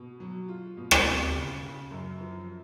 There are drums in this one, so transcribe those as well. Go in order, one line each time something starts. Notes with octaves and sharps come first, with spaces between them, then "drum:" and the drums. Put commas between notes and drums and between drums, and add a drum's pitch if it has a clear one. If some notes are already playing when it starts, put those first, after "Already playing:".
Already playing: B2
F#3
F4
B2
drum: rim click
B2
C#3
C#3
F#2
F3